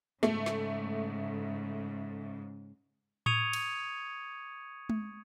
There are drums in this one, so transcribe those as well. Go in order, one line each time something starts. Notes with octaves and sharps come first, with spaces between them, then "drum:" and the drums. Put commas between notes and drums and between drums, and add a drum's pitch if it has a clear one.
G#2 C#3 A3, drum: snare
drum: snare
C#6 D#6 G#6 C#7 D#7 F7, drum: tom A2
drum: cymbal
drum: tom G#3